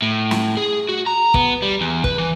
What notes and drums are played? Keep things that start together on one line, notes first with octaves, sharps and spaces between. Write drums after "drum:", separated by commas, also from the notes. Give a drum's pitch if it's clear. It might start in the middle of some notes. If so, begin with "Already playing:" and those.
A2
drum: snare
G#4
F#4
A#5
B3, drum: kick
G3
E2
B4, drum: kick
E3